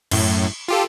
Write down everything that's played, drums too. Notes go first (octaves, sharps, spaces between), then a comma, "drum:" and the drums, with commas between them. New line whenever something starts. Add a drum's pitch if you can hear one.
F#2 A2, drum: cymbal
F4 G4 A4